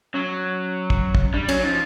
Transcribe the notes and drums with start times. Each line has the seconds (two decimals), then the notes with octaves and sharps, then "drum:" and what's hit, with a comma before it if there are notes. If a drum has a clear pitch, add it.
0.14 F#3 C#4
0.90 drum: kick
1.15 drum: kick
1.34 G3 D4
1.49 F#3 C#4, drum: cymbal
1.63 F3 D#4